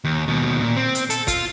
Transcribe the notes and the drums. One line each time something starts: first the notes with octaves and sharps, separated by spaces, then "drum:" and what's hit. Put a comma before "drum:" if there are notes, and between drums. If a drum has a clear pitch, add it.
D#2
D#2 B2
A#2
C4
drum: hi-hat
A4, drum: hi-hat
F4, drum: kick, hi-hat